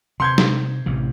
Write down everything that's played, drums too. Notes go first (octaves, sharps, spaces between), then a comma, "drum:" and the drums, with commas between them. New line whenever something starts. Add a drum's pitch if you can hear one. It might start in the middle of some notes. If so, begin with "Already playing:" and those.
C3 C6 G6 G#6
drum: snare
A1 C3 E3